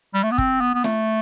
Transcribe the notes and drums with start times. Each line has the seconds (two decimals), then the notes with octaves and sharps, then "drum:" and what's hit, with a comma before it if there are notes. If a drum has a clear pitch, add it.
0.14 G3
0.23 A3
0.31 B3
0.38 C4, drum: kick
0.61 B3
0.74 B3
0.84 A3, drum: snare